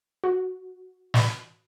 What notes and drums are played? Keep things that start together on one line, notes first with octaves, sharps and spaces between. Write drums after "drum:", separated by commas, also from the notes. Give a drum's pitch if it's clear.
F#4
drum: snare